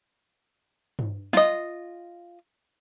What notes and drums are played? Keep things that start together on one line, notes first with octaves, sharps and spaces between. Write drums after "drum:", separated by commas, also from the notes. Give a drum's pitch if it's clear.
drum: tom G2
F4 D#5, drum: snare